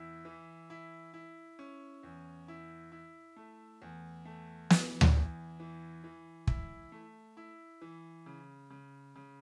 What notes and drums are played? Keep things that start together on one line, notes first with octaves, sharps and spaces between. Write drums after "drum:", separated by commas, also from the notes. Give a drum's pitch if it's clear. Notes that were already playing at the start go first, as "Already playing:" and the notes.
Already playing: E2 E4
E3
E4
E4
C#4
E2
E4
E4
A3
E2
A3
E3, drum: snare
drum: tom D2
E2
E3
E3
E4, drum: kick
A3
E4
E3
C#3
C#3
C#3